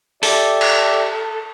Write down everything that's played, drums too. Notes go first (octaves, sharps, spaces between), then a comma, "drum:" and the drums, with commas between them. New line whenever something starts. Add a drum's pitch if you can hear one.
G4 A4 D5 E5, drum: open hi-hat
drum: cymbal